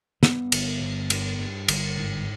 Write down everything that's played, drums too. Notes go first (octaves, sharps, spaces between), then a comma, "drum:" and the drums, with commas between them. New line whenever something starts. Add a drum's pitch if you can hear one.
G2 B3, drum: snare
G1, drum: cymbal
G1
G2, drum: cymbal
G2
G1, drum: cymbal
G#2